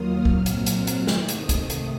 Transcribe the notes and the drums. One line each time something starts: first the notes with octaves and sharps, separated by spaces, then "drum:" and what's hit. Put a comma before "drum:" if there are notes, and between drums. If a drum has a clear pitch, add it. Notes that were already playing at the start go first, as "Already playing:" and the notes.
Already playing: D#2 D#3 F#3 A#3 F4 D#6 F6
A#2 F#3 C4, drum: kick C2
drum: hi-hat
F#6, drum: hi-hat
drum: hi-hat
C3 D#3 A3 D#6, drum: snare
drum: hi-hat
drum: kick C2, hi-hat
drum: hi-hat